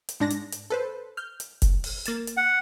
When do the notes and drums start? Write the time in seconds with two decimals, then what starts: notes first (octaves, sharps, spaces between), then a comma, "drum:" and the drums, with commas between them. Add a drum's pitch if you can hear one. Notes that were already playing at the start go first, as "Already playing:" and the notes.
0.09 drum: hi-hat
0.20 G#2 D4 A#6
0.31 drum: hi-hat
0.53 drum: hi-hat
0.70 A4 B4 C5
1.17 F6 G6
1.40 drum: hi-hat
1.62 drum: kick F1, hi-hat
1.84 drum: open hi-hat
2.06 A#3 A6 E7, drum: hi-hat
2.27 drum: hi-hat
2.37 F#5